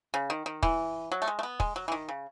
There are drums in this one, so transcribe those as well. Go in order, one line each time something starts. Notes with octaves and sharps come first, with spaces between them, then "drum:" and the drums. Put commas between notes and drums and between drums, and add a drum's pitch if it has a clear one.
C#3
D#3
D#3
E3, drum: kick
F#3
A3
G#3
A3
B3
G#3, drum: kick
F#3
E3
D#3
C#3